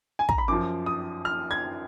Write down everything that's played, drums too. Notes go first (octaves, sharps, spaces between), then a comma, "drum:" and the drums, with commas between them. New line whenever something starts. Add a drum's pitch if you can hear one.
G#5
A#5, drum: kick
B5
F#2 F3 D6
D#6
F6
G#6